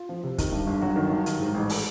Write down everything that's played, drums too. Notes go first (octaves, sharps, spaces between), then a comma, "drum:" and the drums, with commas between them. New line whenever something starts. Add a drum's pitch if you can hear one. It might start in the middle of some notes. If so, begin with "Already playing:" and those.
Already playing: F4
F3
C3
D#3, drum: kick, hi-hat
G2
G1
G1 F#3 F#4
D#3
G2
D#3, drum: hi-hat
G#2
A1
drum: open hi-hat